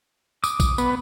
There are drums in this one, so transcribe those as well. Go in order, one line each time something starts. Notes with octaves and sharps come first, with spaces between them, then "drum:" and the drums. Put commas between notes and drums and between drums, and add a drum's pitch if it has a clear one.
D6 D#6, drum: tambourine
drum: kick, tambourine
B3, drum: tambourine